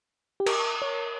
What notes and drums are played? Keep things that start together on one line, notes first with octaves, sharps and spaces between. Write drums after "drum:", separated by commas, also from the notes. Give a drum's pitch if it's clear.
G4
A#4, drum: cymbal
C#5